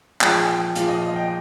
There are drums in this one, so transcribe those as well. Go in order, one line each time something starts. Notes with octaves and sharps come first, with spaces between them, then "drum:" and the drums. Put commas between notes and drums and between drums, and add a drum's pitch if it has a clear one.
A#2 F3 G#3 G5, drum: clap
G#5
G5
A#2 F3 G#3 F5, drum: hi-hat
D#5
D#5
G5